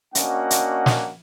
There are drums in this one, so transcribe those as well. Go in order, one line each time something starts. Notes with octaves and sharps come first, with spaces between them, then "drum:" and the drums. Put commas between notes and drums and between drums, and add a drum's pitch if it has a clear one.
A#3 C#4 D4 F#4 D#5 F#5, drum: hi-hat
drum: hi-hat
drum: snare